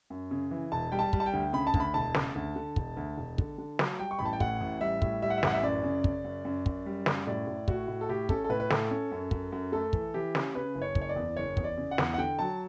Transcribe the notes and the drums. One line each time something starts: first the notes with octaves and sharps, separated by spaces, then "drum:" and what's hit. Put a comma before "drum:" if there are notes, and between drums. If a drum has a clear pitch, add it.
F#2
C#3
E3
E1 A5
G3 G5
A5
G3, drum: kick
A5
G5
D2
C#3 B5
A5
D2, drum: kick
B5
E1 A5
C#3, drum: snare
D2
D3
E1, drum: kick
D2
E1
D3, drum: kick
D3
F#3, drum: snare
G3 G5
C#6
A1 B5
A5
G5
A2 F#5, drum: kick
A1
G3 E5
A2, drum: kick
G3 E5
F#5
E5
A1 F#5, drum: snare
E5
F#2 D5
C#3
C#3, drum: kick
F#2
F#2
F#2, drum: kick
G3
F#2, drum: snare
A2 D5
A2
A2 F#4, drum: kick
A2
A4
A2 G4
C#4 A4, drum: kick
A4
A2 B4
B4
A2 A4, drum: snare
C#4
F#2
F#2, drum: kick
F#2
A3 A4
E3, drum: kick
E3 G4
C#4, drum: snare
C#3 B4
F#1
C#5
F#1, drum: kick
C#5
D5
E2
F#1 C#5
E2, drum: kick
D5
C#3
F#5
E2, drum: snare
F#5
D3 G5
F#3 A5